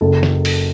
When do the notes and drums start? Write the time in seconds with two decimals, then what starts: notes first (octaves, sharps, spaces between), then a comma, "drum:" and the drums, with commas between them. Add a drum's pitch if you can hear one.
0.01 F#1 A4
0.23 drum: snare
0.45 drum: open hi-hat